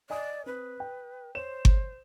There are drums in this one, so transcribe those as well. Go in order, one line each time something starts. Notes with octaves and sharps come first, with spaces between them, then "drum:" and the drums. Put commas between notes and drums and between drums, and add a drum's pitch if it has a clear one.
D5 D#5 G#5 D#6
C4 B4
G5
C5 C#5 E7
drum: kick G1